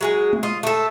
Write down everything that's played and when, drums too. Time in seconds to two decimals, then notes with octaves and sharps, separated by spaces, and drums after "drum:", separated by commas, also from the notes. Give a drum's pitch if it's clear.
0.01 F#3 G#3 G#4
0.33 drum: tom G#3
0.43 F4 D#5
0.63 A3 A4